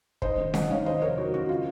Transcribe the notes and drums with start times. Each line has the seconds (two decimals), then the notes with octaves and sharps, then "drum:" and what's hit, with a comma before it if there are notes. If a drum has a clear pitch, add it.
0.22 G#2 C5 D#5, drum: kick
0.38 G#1
0.54 G#1 D#5 F#5, drum: snare C#4
0.70 D#3 C#5 F5
0.86 D#2 C5 D#5
1.02 F1 A#4 C#5
1.18 F#3 F#4
1.33 C#3 F#4
1.49 F4